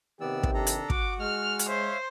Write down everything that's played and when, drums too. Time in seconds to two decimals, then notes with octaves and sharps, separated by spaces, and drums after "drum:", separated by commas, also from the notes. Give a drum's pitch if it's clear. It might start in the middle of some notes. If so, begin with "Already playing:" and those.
0.21 C3 D#3 B3 G4 D5 E6
0.43 drum: kick
0.55 D4 A4 A#5
0.67 drum: hi-hat
0.90 F#4 F#5 D6, drum: kick
1.20 G#3 F6
1.59 drum: hi-hat
1.68 C5 C#5 E5 F5